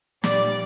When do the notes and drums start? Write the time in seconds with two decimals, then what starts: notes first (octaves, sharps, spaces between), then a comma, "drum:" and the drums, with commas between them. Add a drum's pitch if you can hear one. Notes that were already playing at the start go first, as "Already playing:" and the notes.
0.24 A#2 G3 D5, drum: snare